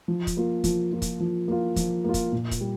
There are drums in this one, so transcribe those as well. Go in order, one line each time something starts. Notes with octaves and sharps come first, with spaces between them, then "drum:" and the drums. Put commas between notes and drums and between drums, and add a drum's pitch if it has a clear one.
F3
drum: kick, hi-hat
A#3 F4
F3, drum: kick, hi-hat
A#3 F4
drum: kick, hi-hat
F3
A#3 F4
F3, drum: kick, hi-hat
A#3 F4
drum: kick, hi-hat
A#2
drum: kick, hi-hat
G3